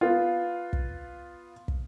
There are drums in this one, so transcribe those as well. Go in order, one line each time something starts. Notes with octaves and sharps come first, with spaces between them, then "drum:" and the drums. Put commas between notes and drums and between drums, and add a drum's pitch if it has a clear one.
B3 F4
drum: kick
drum: kick